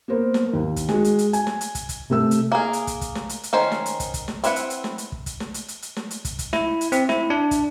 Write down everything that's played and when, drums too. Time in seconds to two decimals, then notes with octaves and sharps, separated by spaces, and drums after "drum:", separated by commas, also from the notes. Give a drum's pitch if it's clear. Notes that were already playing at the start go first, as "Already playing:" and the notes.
0.08 A#3 B3 A#4 C5
0.34 drum: snare
0.53 D#2
0.76 drum: kick, hi-hat
0.89 G#3 F#4, drum: snare
1.04 drum: hi-hat
1.19 drum: hi-hat
1.33 G#5, drum: hi-hat
1.47 drum: snare
1.61 drum: hi-hat
1.75 drum: kick, hi-hat
1.89 drum: kick, hi-hat
2.10 C3 A3 E6
2.31 drum: hi-hat
2.52 A#3 G#4
2.73 drum: hi-hat
2.87 drum: kick, hi-hat
3.01 drum: kick, hi-hat
3.15 drum: snare
3.29 drum: hi-hat
3.43 drum: hi-hat
3.53 D#3 C#4 C5
3.72 drum: snare
3.86 drum: hi-hat
4.00 drum: kick, hi-hat
4.14 drum: kick, hi-hat
4.28 drum: snare
4.44 C4 E4 B4 F#5, drum: hi-hat
4.56 drum: hi-hat
4.70 drum: hi-hat
4.84 drum: snare
4.98 drum: hi-hat
5.12 drum: kick
5.26 drum: kick, hi-hat
5.40 drum: snare
5.54 drum: hi-hat
5.68 drum: hi-hat
5.82 drum: hi-hat
5.96 drum: snare
6.11 drum: hi-hat
6.25 drum: kick, hi-hat
6.39 drum: kick, hi-hat
6.53 E4, drum: snare
6.81 drum: hi-hat
6.92 C4, drum: hi-hat
7.09 E4, drum: snare
7.30 D4
7.51 drum: kick, hi-hat